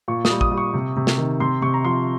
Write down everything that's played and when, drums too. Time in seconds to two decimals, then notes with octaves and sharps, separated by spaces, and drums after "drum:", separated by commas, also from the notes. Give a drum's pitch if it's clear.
0.08 A#2 C#6
0.25 D#6, drum: snare
0.30 G3
0.41 D#6, drum: kick A1
0.51 G3
0.57 C#6
0.74 C3
0.96 C3
1.07 drum: snare
1.18 D#3
1.40 C3 C6
1.62 C3 C#6
1.74 A#5
1.85 F3 C6